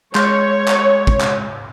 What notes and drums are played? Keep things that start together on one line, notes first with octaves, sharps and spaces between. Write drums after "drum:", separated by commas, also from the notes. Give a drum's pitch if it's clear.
G#3 C#5 C6 G6, drum: clap
drum: clap
drum: kick
drum: clap